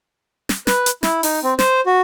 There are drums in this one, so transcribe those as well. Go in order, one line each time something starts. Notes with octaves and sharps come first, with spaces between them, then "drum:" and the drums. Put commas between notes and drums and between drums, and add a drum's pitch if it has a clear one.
drum: snare
B4, drum: snare
drum: hi-hat
E4, drum: snare
D#4, drum: open hi-hat
C4
C5, drum: snare
F#4